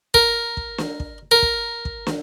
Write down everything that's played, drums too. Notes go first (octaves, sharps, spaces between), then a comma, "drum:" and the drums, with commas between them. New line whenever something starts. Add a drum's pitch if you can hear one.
A#4, drum: kick
drum: kick
drum: snare
drum: kick
A#4
drum: kick
drum: kick
drum: snare